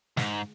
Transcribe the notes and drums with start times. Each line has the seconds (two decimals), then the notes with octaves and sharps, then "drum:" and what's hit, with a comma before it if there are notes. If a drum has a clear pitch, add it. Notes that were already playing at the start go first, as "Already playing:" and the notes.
0.17 G#2, drum: snare